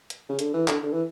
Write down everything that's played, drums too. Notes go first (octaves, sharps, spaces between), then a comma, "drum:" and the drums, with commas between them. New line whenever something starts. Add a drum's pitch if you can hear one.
drum: hi-hat
C#3
D3, drum: hi-hat
E3
D3, drum: clap
D3
E3